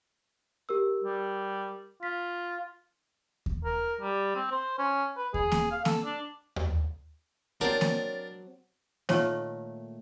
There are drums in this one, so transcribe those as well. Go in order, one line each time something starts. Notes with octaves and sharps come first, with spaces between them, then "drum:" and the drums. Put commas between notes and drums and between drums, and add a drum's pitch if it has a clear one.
G4 A#4 E6
G3
F4 B6
drum: kick D#2
A#4
G3
C4
C5
C#4
B4
G#4, drum: kick D#2
drum: snare A#3
F5
A4, drum: snare A#3
D4
drum: tom D#2
F#3 C4 D4 A#4 C#5 A6
drum: snare A#3
A#2 D#3 A3 C#5, drum: snare A#3